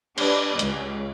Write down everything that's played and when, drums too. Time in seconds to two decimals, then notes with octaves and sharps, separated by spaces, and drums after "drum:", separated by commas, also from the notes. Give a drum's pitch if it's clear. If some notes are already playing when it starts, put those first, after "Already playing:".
0.18 D4 G4 B4 D5 D#5, drum: cymbal
0.59 C#2, drum: hi-hat